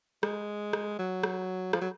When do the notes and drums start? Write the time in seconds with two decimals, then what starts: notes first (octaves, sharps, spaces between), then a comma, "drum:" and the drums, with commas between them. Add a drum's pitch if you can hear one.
0.23 G#3, drum: rim click
0.73 drum: rim click
0.99 F#3
1.23 drum: rim click
1.73 F3, drum: rim click
1.81 F#3